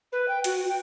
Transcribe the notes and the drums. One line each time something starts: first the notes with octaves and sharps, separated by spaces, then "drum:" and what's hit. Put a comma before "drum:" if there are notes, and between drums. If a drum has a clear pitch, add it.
B4
G5
F#4, drum: hi-hat
G5